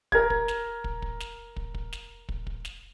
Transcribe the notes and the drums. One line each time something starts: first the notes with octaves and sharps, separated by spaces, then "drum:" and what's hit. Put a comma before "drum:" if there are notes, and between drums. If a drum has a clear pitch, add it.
A#4 G#6, drum: kick
drum: kick
drum: snare
drum: kick
drum: kick
drum: snare
drum: kick
drum: kick
drum: snare
drum: kick
drum: kick
drum: snare